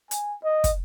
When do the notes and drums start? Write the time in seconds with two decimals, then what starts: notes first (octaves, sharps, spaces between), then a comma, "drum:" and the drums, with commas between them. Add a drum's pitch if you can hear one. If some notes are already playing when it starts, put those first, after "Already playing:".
0.11 G#5, drum: hi-hat
0.44 D#5
0.64 drum: kick, hi-hat